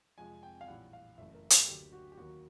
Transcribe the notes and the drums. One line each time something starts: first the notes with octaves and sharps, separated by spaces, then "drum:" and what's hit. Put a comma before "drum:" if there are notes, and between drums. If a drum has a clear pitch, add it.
F2 C3 F3 G#3 G#5
G5
F5
A#1 A2 E3 G3 F#5
F5
F#1 F#2 C#3 E3 A3 E5
A#4
A4, drum: hi-hat
D2 D3 F#3 A#3 G4
F#4
G4
D#2 D#3 F#3 A#3 F#4